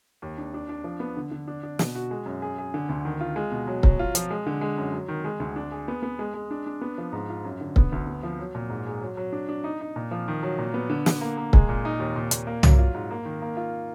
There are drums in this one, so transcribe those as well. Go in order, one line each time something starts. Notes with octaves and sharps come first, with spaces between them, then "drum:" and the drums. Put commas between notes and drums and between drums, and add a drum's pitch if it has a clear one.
D#2
D4
D4
D4
F3
B3
D3
D3
D4
D4
B2, drum: snare
F#4
G#3
F#2
G#4
G#4
D3
D2
D#3
F4
G#3
B2
F#3
F#3, drum: kick C#1
F4
F3, drum: hi-hat
G#3
D3
G#3
F#2
F#3
D#3
G#3
D2
D4
G#4
B3
B3
G#3
G#3
D4
D4
B3
F3
G#2
F4
F#2
D3
B3, drum: kick C#1
D2
B3
F3
F#3
A#2
G#2
G#3
F#3
F#3
D4
D4
D#4
D#4
A#2
F3
D#3
F#3
A#2
B3
D3
D3, drum: snare
A#3
A#3
G#3, drum: kick C#1
A#2
D#4
D#2
A#2
A#2, drum: hi-hat
A#3
F#3, drum: tom
F4
G#2
A#3
D#3
A#3
F4